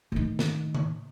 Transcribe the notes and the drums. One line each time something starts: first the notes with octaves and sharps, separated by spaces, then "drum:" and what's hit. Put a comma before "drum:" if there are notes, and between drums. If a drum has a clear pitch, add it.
A2 D#3
drum: snare
drum: tom C#3